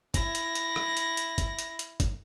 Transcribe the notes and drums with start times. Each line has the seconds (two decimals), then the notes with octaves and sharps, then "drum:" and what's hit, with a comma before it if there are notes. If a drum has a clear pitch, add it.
0.14 E4 A#6, drum: kick, hi-hat
0.35 drum: hi-hat
0.55 drum: hi-hat
0.76 drum: rim click
0.97 drum: hi-hat
1.17 drum: hi-hat
1.38 drum: kick, hi-hat
1.59 drum: hi-hat
1.79 drum: hi-hat
2.00 drum: kick, hi-hat